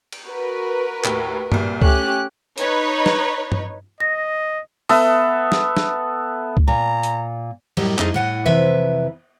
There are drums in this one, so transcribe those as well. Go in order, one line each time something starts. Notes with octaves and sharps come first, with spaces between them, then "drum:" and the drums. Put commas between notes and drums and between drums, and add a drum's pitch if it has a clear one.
drum: cymbal
F#4 A#4 B4
D#2 A2, drum: clap
C2 A#2, drum: tom G2
A3 C#4 G4 F#6, drum: kick C#2
D#4 B4 C#5, drum: hi-hat
drum: snare
drum: tom G2
D#5 A#6
B3 A4 E5, drum: open hi-hat
drum: snare
drum: snare
drum: kick C#2
A#2 A#5
drum: hi-hat
F#2 A2 F#3 G3 G4 D#5, drum: cymbal
F2 A3 D#4 G#4 D#5, drum: clap
A2 F#5 G#5
F2 C3 E3 B4 E5